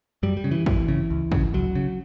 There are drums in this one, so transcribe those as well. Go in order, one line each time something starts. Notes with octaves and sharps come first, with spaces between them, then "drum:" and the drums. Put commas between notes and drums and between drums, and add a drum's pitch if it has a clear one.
F#2 G3
G3
C#3
E3
F#2 E3, drum: kick
C#3
C#2
C#3, drum: kick
C#2 F#3
C#3